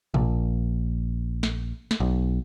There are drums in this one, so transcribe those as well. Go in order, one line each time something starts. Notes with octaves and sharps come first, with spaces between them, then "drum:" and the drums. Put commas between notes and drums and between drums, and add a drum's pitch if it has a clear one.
A#1, drum: tom B2
drum: snare
drum: snare
B1